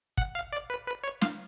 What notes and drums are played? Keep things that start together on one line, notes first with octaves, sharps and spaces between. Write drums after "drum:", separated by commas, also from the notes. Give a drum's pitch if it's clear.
F#5, drum: kick
F5
D5
B4
B4
C#5
F5, drum: snare